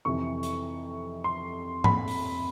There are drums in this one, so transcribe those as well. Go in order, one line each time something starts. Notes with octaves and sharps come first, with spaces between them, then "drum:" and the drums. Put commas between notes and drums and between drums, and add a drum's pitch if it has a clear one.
F2 C3 E3 C#6
drum: hi-hat
C6
B5, drum: tom
drum: open hi-hat